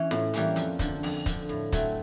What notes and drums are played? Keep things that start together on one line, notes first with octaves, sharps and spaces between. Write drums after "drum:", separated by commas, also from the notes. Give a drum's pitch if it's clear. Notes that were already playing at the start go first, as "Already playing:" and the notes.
Already playing: E3 C#4
A2, drum: snare F4
E3 G3 A#3 C#4, drum: hi-hat
F2, drum: hi-hat
D3 F3, drum: kick, hi-hat
F2, drum: open hi-hat
D3 F3, drum: kick, hi-hat
A2
F#3 A3 C4, drum: kick, hi-hat